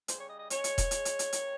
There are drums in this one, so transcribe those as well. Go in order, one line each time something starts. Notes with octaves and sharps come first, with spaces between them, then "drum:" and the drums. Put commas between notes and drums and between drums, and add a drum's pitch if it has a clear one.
C#3 G3 C5, drum: hi-hat
C#5
D#5
D#5
C#3 G#3 C#5, drum: hi-hat
drum: hi-hat
drum: kick E1, hi-hat
C#3 G#3, drum: hi-hat
drum: hi-hat
drum: hi-hat
C3 D#3 G#3, drum: hi-hat